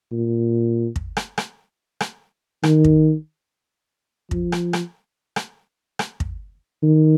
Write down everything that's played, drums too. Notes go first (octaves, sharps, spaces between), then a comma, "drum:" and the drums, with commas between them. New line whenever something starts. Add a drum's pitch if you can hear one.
A#2
drum: kick
drum: rim click
drum: rim click
drum: rim click
D#3, drum: rim click
drum: kick
F3, drum: kick
drum: rim click
drum: rim click
drum: rim click
drum: rim click
drum: kick
D#3